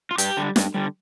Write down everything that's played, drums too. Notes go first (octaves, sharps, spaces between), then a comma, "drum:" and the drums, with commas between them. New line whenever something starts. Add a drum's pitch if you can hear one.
F4
G2 G4, drum: hi-hat
D3 G3
G2, drum: snare
D3 G3